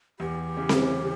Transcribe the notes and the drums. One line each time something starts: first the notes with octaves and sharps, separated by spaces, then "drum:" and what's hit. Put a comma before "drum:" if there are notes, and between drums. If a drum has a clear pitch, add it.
E2 G4
C#3 E3
drum: snare C4